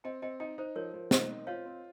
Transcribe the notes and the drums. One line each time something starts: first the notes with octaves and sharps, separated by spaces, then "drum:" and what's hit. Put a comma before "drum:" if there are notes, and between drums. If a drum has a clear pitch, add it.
C4 D#5 G5
C4 D#5 G5
D#4 D#5 G5
D#4 C5
F3 A#4 C#5
F3
D#4 C5 D#5, drum: snare
C4
F4 C#5 F5
C4